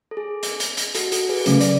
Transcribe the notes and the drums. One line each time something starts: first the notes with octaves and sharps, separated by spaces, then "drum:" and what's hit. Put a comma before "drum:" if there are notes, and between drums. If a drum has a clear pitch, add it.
A4
G#4
drum: hi-hat
drum: hi-hat
drum: hi-hat
F#4 A4, drum: hi-hat
F#4 A4, drum: hi-hat
G#4 B4, drum: open hi-hat
C#3 F#3 A3 C#4 G#4 B4, drum: hi-hat
D5, drum: hi-hat